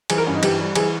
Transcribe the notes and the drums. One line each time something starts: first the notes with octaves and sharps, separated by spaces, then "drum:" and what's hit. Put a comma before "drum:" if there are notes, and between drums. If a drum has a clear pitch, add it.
E3 G#4, drum: cymbal
A#4
G2 C#4
D#4
E3 G4, drum: cymbal
G3
E3 G#4, drum: cymbal